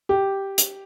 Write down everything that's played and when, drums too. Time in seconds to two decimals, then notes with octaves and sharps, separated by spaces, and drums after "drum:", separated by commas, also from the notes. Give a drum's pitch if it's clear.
0.09 G4
0.58 drum: hi-hat